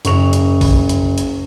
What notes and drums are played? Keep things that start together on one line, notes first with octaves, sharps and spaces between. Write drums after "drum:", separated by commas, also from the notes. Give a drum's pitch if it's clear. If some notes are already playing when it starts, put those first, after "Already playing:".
F#1 C#6 F7, drum: hi-hat
drum: hi-hat
drum: kick A1, open hi-hat
drum: hi-hat
drum: hi-hat